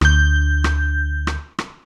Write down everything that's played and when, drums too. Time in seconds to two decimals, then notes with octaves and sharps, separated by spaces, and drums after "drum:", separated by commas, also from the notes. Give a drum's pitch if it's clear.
0.01 D2 G6, drum: rim click
0.64 drum: rim click
1.27 drum: rim click
1.59 drum: rim click